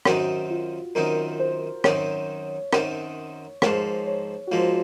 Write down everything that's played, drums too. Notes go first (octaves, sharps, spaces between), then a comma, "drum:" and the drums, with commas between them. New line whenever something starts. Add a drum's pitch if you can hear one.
F#2 D#3 F#3 C4 D#4 F#4, drum: rim click
F4
F#2 D#3 F#3 C4 D#4 A#4
C5
F#2 D#3 F#3 C4 D#4 C#5, drum: rim click
F#2 D#3 F#3 C4 D#4, drum: rim click
G#2 F3 A#3 C#5, drum: rim click
C#5
F#4
G#2 F3 A#3 F4